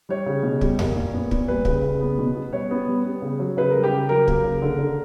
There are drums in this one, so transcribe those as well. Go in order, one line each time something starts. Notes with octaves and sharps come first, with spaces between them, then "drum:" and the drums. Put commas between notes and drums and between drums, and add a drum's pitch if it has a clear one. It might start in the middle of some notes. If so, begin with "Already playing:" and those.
G3 C#5
C#3
B2
G3, drum: kick
A#3, drum: tom F2
A#2
B3
A#2, drum: kick
G3 B4
C#3, drum: kick
C#3
B3
B2
B3
G3 C#5
B3
G3
B3
C#3
F#3
C#3 B4
G3 A#4
G4
C#3
F#3 A#4
A#3, drum: kick
C#3
D3
D3